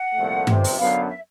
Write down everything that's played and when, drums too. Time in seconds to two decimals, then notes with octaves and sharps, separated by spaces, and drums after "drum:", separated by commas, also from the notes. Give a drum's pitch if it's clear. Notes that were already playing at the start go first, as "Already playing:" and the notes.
Already playing: F#5
0.15 C2 A#2 F3 A3
0.47 G1 F2 C3, drum: tom G2
0.64 drum: open hi-hat
0.78 F#2 D3 F#3 B3 D4 F5
1.08 E5